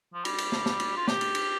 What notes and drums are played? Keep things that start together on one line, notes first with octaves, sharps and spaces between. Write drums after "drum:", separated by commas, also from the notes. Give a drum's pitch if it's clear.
F3
G3, drum: cymbal
drum: cymbal
drum: snare
drum: snare
drum: cymbal
F4
G4, drum: snare
drum: cymbal
drum: cymbal